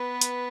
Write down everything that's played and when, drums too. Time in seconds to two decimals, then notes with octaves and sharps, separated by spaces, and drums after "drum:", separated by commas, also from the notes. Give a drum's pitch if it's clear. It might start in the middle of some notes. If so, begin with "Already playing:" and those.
Already playing: B3 B4
0.21 drum: hi-hat